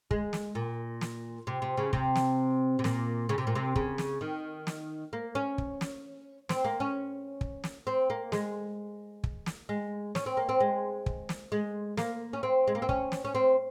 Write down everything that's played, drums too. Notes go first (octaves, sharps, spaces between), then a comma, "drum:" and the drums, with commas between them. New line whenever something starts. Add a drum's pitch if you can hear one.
G#3, drum: kick
drum: snare
A#2
drum: snare
C3
C3
C#3
C3, drum: kick
drum: snare
C3
A#2, drum: snare
C#3
C3
A#2
C3
C#3, drum: kick
drum: snare
D#3
drum: snare
A#3
C#4
drum: kick
drum: snare
C4, drum: snare
A#3
C#4
drum: kick
drum: snare
C4
A#3
G#3, drum: snare
drum: kick
drum: snare
G#3
C#4, drum: snare
C4
A#3
C4
G#3
drum: kick
drum: snare
G#3
A#3, drum: snare
C#4
C4
G#3
A#3
C4
C#4, drum: kick
drum: snare
C#4
C4